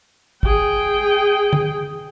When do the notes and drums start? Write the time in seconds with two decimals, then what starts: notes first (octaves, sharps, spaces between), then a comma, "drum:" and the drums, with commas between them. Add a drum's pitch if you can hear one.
0.43 G#4 G5, drum: kick
1.53 drum: tom